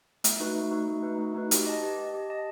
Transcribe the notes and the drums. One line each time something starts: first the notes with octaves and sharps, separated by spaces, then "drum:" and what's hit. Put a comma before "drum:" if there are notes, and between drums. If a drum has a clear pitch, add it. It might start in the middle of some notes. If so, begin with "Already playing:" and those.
A3, drum: hi-hat
D#4 F#4 B4
A3
D#4 F#4 B4
A3
D#4 F#4 B4
A3
D#4 F#4 B4
G4, drum: hi-hat
D#5 A5
G4
D#5 A5
G4
D#5 A5